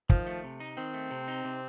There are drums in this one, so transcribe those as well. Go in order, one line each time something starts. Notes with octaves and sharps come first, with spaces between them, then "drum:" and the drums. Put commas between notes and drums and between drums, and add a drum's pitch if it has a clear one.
D#3 F3, drum: kick
A3
C3
D#4
D#3 C4
A3
C3
D#4
C3